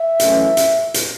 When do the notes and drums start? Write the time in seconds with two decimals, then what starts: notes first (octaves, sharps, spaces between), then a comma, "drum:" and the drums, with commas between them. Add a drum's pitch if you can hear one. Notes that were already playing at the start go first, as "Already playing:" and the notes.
Already playing: E5
0.20 F#2 E3 A3 C#4, drum: hi-hat
0.57 drum: hi-hat
0.94 drum: hi-hat